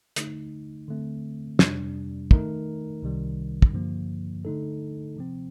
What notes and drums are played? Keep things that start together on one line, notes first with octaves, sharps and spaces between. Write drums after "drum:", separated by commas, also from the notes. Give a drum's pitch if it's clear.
D3 A3 D#4, drum: hi-hat
D3 A3 C4
F2 C3 G3 D4, drum: snare
D#3 A3 D#4 A#4, drum: kick
C2 C3 D#3 G3
drum: kick
G2 D3 F3 A#3
D3 A3 D#4 A4
C3 F3 C4